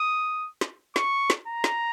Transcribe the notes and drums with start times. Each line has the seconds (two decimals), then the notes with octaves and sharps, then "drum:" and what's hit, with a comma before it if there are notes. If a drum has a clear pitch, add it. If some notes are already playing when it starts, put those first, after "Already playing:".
Already playing: D#6
0.61 drum: snare
0.96 C#6, drum: snare
1.30 drum: snare
1.47 A#5
1.64 drum: snare